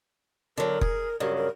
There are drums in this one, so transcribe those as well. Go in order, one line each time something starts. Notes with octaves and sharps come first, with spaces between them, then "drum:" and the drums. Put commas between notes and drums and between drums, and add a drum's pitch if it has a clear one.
D3 F#3 A#4
G#4, drum: kick F1
G2 C#3 F#3 A#4
A#4